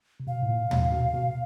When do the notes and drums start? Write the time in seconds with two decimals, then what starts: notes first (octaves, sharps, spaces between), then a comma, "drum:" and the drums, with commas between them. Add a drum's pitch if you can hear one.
0.20 C3
0.27 B2 F5
0.42 A2
0.49 A#2
0.71 B2, drum: tom
0.92 B2
1.13 B2